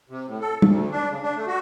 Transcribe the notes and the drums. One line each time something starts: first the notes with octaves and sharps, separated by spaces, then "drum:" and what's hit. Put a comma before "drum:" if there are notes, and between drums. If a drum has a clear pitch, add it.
C3
A2
A4
D2, drum: tom G3
D4
C#3
D4
A3
F#4